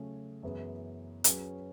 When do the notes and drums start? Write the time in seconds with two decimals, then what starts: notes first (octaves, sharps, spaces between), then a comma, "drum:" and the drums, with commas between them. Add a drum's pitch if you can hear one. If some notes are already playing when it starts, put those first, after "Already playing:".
Already playing: C#3 F#3 A3 C#4 G#4
0.43 F#2 E3 B3 E4 G#4
1.24 F#3 C#4 G#4 B4, drum: hi-hat